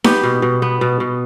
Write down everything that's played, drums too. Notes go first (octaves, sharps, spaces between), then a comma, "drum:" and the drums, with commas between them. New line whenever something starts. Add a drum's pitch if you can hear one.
B3 G4, drum: snare D#4
B2
B2
B3
B2
B2